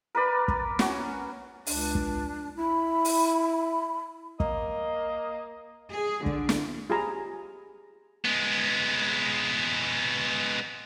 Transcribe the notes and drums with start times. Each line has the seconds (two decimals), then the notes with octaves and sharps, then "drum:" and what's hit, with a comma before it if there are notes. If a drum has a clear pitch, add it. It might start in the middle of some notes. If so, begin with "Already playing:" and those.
0.15 A#4 B4 D5 B5
0.48 drum: kick
0.79 C#4 F#4 C#5, drum: snare
1.67 C#2 D4, drum: open hi-hat
1.95 drum: kick
2.58 E4 B5
3.05 drum: open hi-hat
4.40 A#3 D#5, drum: kick
5.90 G#4
6.26 D3, drum: kick
6.49 drum: snare
6.90 F4 G4 G#4 G#5 A#5 B5
8.25 G#3 B3